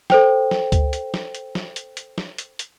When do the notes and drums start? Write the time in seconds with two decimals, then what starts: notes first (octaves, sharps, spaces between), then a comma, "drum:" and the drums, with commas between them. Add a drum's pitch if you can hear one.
0.10 A4 C5 G5, drum: snare
0.51 drum: snare
0.72 drum: kick C#2, hi-hat
0.93 drum: hi-hat
1.14 drum: snare
1.35 drum: hi-hat
1.55 drum: snare
1.76 drum: hi-hat
1.97 drum: hi-hat
2.18 drum: snare
2.38 drum: hi-hat
2.59 drum: hi-hat